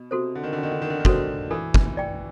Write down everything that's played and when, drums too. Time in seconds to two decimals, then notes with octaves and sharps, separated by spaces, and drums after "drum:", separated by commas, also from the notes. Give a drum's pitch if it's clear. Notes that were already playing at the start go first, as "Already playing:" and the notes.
Already playing: B2
0.11 C3 F#4 A4 C5
0.35 D3
0.43 D#3
0.53 D3
0.58 D#3 C#4
0.71 D3
0.82 D#3
0.90 D3
1.00 D#3
1.05 D3 F#4 A4 C5, drum: kick
1.51 E3 A4
1.74 drum: kick
1.97 D5 G5